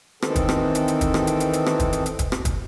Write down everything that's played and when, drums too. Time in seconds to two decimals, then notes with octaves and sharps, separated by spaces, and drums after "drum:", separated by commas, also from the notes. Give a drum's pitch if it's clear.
0.22 D#3 E3 C4 A4, drum: rim click
0.36 drum: kick, hi-hat
0.49 drum: rim click
0.75 drum: hi-hat
0.88 drum: hi-hat
1.01 drum: kick, hi-hat
1.14 drum: rim click
1.27 drum: hi-hat
1.40 drum: hi-hat
1.53 drum: hi-hat
1.66 drum: rim click
1.80 drum: kick, hi-hat
1.93 drum: hi-hat
2.06 drum: hi-hat
2.19 drum: kick, hi-hat
2.32 drum: rim click
2.45 drum: kick, hi-hat